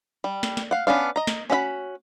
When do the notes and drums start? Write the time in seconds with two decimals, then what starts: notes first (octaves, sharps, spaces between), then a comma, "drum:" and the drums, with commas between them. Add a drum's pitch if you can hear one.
0.24 G3
0.43 drum: snare
0.57 drum: snare
0.71 F5 F#5
0.87 B3 C#4 D4 F5
1.16 D#5 A#5
1.27 drum: snare
1.50 C#4 F#4 E5 B5